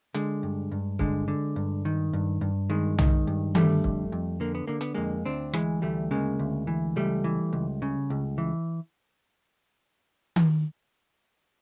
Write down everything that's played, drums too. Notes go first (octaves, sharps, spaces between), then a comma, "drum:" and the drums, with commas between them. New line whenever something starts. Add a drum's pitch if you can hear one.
D3 G#3, drum: hi-hat
G2
G2
D3 G#3, drum: kick C#1
D3
G2
D#3
G2
G2
D#3 G#3
D#3, drum: tom
G2
D3 G3 A3, drum: tom D#3
F2, drum: kick C#1
F2
D3 A#3
B3
D3 A#3
B3, drum: hi-hat
F2 G#3 A#3
D2 C4 D4
E3 G#3, drum: rim click
D2 G3 A3
C#3 G#3 A#3
D2
E3
C#2 G3 A3
E3
C#2
C#3
C#2
E3
drum: tom D#3